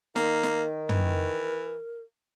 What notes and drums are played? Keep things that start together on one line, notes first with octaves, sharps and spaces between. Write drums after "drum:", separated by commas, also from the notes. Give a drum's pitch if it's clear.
D#3 A#3 A#4, drum: snare
drum: snare
E3 A#4, drum: tom